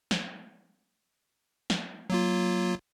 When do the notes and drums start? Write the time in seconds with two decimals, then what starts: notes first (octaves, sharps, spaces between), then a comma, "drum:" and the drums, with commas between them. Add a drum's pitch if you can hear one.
0.11 drum: snare
1.70 drum: snare
2.10 F#3 A#3 F4